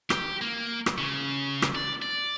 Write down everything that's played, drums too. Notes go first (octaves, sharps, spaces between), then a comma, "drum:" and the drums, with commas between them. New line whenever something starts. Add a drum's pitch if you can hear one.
G4, drum: rim click
A#3
drum: rim click
C#3
drum: rim click
D5
D5